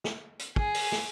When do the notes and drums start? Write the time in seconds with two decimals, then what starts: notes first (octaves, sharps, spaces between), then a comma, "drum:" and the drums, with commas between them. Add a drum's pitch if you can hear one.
0.04 drum: snare
0.39 drum: hi-hat
0.56 G#4, drum: kick
0.74 drum: open hi-hat
0.92 drum: snare